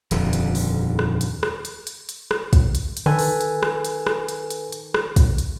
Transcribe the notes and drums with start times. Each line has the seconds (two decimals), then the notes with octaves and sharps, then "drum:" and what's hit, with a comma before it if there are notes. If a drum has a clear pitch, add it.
0.11 D#1 F2 D3, drum: hi-hat
0.33 drum: hi-hat
0.55 drum: open hi-hat
0.99 drum: rim click
1.21 drum: hi-hat
1.43 drum: rim click
1.65 drum: hi-hat
1.87 drum: hi-hat
2.09 drum: hi-hat
2.31 drum: rim click
2.53 drum: kick, hi-hat
2.75 drum: hi-hat
2.97 drum: hi-hat
3.06 D#3 A4 B4 G#5
3.19 drum: open hi-hat
3.41 drum: hi-hat
3.63 drum: rim click
3.85 drum: hi-hat
4.07 drum: rim click
4.28 drum: hi-hat
4.50 drum: hi-hat
4.72 drum: hi-hat
4.94 drum: rim click
5.16 drum: kick, hi-hat
5.38 drum: hi-hat